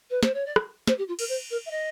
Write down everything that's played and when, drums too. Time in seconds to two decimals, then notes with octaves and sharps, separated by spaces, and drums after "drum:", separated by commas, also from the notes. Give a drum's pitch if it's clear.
0.10 B4
0.23 C5, drum: snare
0.34 C#5
0.46 D5
0.56 drum: rim click
0.87 C5, drum: snare
0.98 G4
1.08 F4
1.19 A#4, drum: cymbal
1.29 C5
1.50 A#4
1.66 E5
1.71 D#5